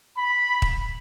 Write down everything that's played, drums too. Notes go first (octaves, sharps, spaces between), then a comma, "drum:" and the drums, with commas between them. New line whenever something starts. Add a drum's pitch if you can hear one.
B5
drum: kick